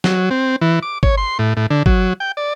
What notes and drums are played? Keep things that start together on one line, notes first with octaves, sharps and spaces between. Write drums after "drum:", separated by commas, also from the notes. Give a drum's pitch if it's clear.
F#3, drum: snare
C4
E3
D6
C#5, drum: kick
C6
A2
A2
D3
F#3, drum: kick
G5
D5